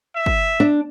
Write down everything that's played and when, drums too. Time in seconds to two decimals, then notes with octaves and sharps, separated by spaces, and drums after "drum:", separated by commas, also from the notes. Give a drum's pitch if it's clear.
0.15 E5
0.26 drum: kick
0.60 D4